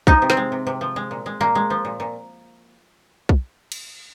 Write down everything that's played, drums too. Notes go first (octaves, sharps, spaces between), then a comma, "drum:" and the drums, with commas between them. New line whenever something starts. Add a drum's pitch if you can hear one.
F3 D#4, drum: kick B1
C3
C4, drum: snare
G#3
C3
C3
F3
G#3
A#2
G#3
A#2 A#3
G#3
F3
A#2
A#2
drum: kick B1
drum: cymbal